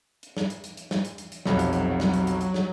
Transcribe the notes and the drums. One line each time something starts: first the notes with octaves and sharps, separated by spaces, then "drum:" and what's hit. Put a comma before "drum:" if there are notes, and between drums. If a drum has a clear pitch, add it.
drum: hi-hat
drum: snare
drum: hi-hat
drum: hi-hat
drum: hi-hat
drum: snare
drum: hi-hat
drum: hi-hat
drum: hi-hat
B1 F2 C3 F#3, drum: snare
drum: hi-hat
drum: hi-hat
drum: snare
drum: hi-hat
drum: hi-hat
drum: hi-hat
drum: snare